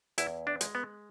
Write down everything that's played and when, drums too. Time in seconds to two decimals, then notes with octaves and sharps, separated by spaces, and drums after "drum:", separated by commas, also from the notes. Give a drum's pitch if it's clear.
0.18 E2 E4, drum: hi-hat
0.47 D4
0.61 G#3, drum: hi-hat
0.75 B3